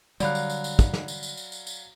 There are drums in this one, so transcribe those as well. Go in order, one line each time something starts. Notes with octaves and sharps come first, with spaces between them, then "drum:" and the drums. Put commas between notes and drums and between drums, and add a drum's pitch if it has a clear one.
D3 F#3 G3 D5 F5 B5 F#6, drum: tambourine
drum: tambourine
drum: tambourine
drum: tambourine
drum: kick, tambourine
drum: snare
drum: tambourine
drum: tambourine
drum: tambourine
drum: tambourine
drum: tambourine